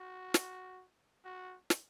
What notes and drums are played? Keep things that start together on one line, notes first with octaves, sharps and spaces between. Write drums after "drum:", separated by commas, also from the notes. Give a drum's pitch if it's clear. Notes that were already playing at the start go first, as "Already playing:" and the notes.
Already playing: F#4
drum: snare
F#4
drum: snare